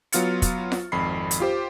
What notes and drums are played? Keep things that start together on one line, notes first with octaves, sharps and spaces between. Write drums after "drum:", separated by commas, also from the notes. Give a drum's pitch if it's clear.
F#3 B3 F4 F6 A6 C#7, drum: hi-hat
drum: kick, hi-hat
drum: snare F4
G#1 F2 B5 C7
drum: hi-hat
F4 G4 C5